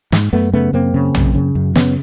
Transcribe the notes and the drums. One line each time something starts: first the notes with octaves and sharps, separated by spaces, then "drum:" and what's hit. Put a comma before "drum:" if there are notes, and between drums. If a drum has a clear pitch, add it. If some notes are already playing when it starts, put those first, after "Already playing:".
G#2, drum: snare
F#2 A3 B3
C#3 A3 B3
F#2 A#3 C4
C#3
F#2, drum: tom A#1
C#3
F#2
C#3 B3 C#4, drum: snare